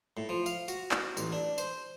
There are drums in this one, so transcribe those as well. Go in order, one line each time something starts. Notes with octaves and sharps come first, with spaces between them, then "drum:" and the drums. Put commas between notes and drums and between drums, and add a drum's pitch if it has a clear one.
A2
F3
F5, drum: tambourine
F#4, drum: tambourine
drum: clap
A1, drum: tambourine
D4
C5, drum: tambourine